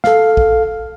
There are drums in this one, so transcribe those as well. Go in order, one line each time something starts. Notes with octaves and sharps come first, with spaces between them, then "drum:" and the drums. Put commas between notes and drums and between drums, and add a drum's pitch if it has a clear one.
A4 F5, drum: snare
drum: kick A#1